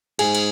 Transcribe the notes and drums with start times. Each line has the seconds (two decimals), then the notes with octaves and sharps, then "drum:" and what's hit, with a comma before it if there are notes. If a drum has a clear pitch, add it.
0.19 G#2 G#4, drum: cymbal
0.35 drum: cymbal